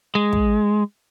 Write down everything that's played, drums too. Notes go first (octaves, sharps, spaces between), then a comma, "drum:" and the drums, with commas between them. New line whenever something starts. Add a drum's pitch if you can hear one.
G#3
drum: kick